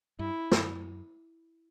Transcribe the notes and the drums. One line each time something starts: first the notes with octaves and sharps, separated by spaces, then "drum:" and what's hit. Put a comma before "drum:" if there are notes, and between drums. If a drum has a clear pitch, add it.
G2 E4
F#2, drum: snare